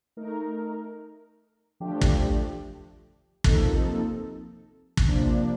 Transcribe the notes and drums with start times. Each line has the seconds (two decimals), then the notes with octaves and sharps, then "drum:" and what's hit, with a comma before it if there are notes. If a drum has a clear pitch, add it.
0.17 A3 D#4 A#4
1.80 F3 A3 D4 G4
2.01 drum: kick
3.44 C3 F3 A#3 D#4 A4, drum: kick
4.97 drum: kick
5.08 C3 F3 A#3 D4